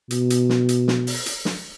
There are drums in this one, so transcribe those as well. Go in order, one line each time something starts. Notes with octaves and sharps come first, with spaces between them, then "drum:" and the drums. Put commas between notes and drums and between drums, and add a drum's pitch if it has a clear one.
B2, drum: hi-hat
drum: hi-hat
drum: snare
drum: hi-hat
drum: snare
drum: open hi-hat
drum: hi-hat
drum: snare